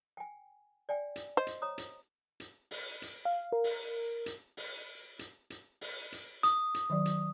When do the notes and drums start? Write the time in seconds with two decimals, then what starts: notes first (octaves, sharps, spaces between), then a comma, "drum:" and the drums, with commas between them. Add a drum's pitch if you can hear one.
0.17 G5 G#5
0.89 D5 G5 G#5
1.16 drum: hi-hat
1.37 C5 D#5
1.47 drum: hi-hat
1.62 C#5 A#5 D#6
1.78 drum: hi-hat
2.40 drum: hi-hat
2.71 drum: open hi-hat
3.02 drum: hi-hat
3.25 F5
3.52 A#4
3.64 drum: open hi-hat
4.26 drum: hi-hat
4.57 drum: open hi-hat
5.19 drum: hi-hat
5.50 drum: hi-hat
5.81 drum: open hi-hat
6.12 drum: hi-hat
6.43 D#6, drum: hi-hat
6.74 drum: hi-hat
6.90 D#3 F#3 D5
7.05 drum: hi-hat